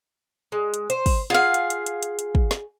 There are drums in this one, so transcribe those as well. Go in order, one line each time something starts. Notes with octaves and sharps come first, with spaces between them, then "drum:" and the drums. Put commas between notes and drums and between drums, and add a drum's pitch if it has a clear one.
G#3
drum: hi-hat
C5, drum: hi-hat
drum: kick, open hi-hat
F4 G#4 F5 F#5
drum: hi-hat
drum: hi-hat
drum: hi-hat
drum: hi-hat
drum: hi-hat
drum: kick
drum: snare